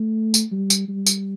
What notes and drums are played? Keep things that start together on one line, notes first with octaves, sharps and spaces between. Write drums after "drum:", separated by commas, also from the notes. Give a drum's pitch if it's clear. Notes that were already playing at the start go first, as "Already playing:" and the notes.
Already playing: A3
drum: tambourine
G3
drum: tambourine
G3
drum: tambourine